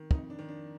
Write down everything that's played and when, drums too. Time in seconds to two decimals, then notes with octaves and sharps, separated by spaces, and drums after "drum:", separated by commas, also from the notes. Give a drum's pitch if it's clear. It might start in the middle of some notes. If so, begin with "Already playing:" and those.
Already playing: D#3
0.11 F2 D#4, drum: kick
0.30 D4
0.39 D#3
0.49 D4